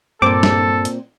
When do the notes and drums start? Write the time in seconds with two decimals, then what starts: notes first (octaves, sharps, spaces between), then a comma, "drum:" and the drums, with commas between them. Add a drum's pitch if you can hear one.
0.22 G2 A#2 C4 A4 D6
0.43 drum: snare
0.85 drum: hi-hat